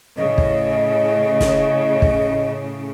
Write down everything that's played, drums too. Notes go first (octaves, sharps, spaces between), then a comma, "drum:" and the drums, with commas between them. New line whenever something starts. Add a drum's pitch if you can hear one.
A2 C#3 D#5
drum: kick
drum: snare
drum: kick